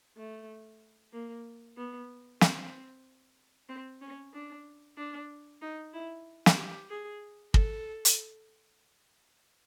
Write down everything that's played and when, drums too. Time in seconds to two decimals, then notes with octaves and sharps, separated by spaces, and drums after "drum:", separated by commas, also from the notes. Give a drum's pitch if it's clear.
0.17 A3
1.13 A#3
1.77 B3
2.41 C4, drum: snare
3.69 C4
4.01 C#4
4.34 D4
4.97 D4
5.62 D#4
5.94 E4
6.46 drum: snare
6.57 G4
6.89 G#4
7.54 A4, drum: kick
8.05 drum: hi-hat